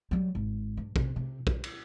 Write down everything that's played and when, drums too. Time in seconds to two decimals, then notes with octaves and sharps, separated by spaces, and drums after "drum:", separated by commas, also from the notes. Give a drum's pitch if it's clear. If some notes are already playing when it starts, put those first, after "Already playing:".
0.11 F#3 G3
0.35 G#1
0.77 G2
0.96 C3, drum: kick
1.16 C3
1.47 G3, drum: kick
1.64 drum: cymbal